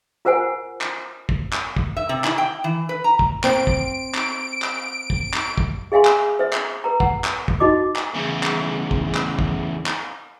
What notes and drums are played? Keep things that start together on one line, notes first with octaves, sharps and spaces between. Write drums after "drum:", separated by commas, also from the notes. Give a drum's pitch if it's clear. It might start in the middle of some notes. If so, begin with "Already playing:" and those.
F4 A#4 C5 F#5 G#5
drum: clap
drum: kick
drum: clap
drum: kick
E5
C3
E4, drum: clap
G5
E3
B4
A#5
drum: kick
C4 D7, drum: clap
drum: kick
drum: clap
drum: clap
drum: kick
drum: clap
drum: kick
G#4 E5 F5 G#5 C6
drum: clap
C5 E5
drum: clap
B4 A#5
F#5, drum: kick
drum: clap
drum: kick
D#4 F#4 D#5 D6
drum: clap
E2 C#3
drum: clap
drum: kick
drum: clap
drum: kick
drum: clap